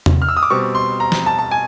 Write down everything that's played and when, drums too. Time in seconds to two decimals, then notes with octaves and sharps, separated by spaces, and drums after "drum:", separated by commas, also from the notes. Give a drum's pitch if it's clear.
0.06 drum: tom E2
0.22 F6
0.28 E6
0.37 D#6
0.43 D6
0.50 B2 G3 C4 C#6
0.75 C6
1.00 A#5
1.12 drum: snare
1.26 A5
1.39 A5
1.51 G#5